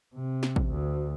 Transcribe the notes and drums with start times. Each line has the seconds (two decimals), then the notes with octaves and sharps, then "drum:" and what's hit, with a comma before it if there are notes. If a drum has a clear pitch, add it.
0.15 C3
0.43 drum: snare
0.56 drum: kick
0.71 D2